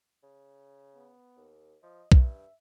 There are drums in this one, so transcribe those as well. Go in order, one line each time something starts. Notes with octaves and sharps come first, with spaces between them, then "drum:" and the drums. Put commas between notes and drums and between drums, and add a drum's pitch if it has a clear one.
C#3
B3
D#2
F3 D#5
G2 E5, drum: kick B1